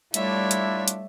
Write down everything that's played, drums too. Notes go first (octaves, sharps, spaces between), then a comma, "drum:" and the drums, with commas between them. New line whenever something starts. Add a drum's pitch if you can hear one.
G3 A3 D4 E4 F4 C#5 E5, drum: hi-hat
drum: hi-hat
drum: hi-hat